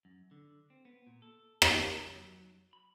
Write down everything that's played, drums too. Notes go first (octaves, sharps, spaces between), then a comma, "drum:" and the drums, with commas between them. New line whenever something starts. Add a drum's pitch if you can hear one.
F#2
D3
C4
B3
A#2
A4
C#3, drum: rim click
F#3
B5